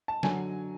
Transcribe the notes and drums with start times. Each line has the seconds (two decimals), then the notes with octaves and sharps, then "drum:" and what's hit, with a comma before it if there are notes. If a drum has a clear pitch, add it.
0.08 A5
0.23 D3 F#3 G#5, drum: snare